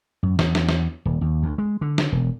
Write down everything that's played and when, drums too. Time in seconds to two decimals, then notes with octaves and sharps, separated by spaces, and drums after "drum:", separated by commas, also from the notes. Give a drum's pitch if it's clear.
0.23 F#2
0.39 E2, drum: snare
0.55 drum: snare
0.69 drum: snare
1.05 D#1
1.21 D#2
1.43 D2
1.58 G#3
1.81 D3
1.98 drum: snare
2.12 E1